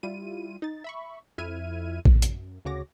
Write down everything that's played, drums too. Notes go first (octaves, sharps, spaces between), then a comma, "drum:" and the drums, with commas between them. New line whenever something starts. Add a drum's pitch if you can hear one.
G3 E4 F4 D#7
D#4 A6
E5 B5 C#6
F2 E4 E5 F6 G#6 D#7
drum: kick A#1
F#2, drum: hi-hat
D2 C#3 F#4 C#5 D6 A#6